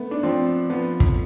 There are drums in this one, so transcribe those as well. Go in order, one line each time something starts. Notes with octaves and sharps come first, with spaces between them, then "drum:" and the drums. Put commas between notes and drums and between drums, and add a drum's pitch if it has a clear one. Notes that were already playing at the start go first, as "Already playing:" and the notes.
Already playing: A3 B3
D4
F3 C4
F3 B3
drum: kick